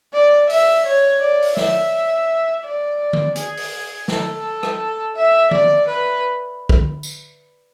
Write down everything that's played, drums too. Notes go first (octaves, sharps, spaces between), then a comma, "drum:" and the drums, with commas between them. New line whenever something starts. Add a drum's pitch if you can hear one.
D5
E5, drum: open hi-hat
C#5
D5
drum: open hi-hat
E5, drum: snare
D5
drum: tom D#3
G#4, drum: hi-hat
drum: open hi-hat
A4, drum: snare
drum: rim click
E5
D5, drum: tom D#3
B4
drum: kick
drum: tambourine